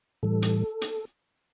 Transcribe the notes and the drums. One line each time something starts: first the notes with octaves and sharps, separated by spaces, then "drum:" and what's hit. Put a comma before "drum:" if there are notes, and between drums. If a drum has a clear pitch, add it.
A2 E3 G3 A4
drum: hi-hat
drum: hi-hat